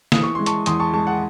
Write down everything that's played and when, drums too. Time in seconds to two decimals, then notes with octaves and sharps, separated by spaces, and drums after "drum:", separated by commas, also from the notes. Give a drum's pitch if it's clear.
0.12 E3 D#6, drum: snare
0.23 C#6
0.35 G#3 C6
0.46 A5 C#6, drum: hi-hat
0.66 E2 C6 D#6, drum: hi-hat
0.80 A5 C#6
0.93 G#3 A5 C#6
1.07 F#5 A5